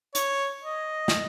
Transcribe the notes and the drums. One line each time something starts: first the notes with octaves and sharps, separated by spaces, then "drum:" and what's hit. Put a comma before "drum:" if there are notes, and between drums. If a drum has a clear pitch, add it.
C#5, drum: hi-hat
D#5
drum: snare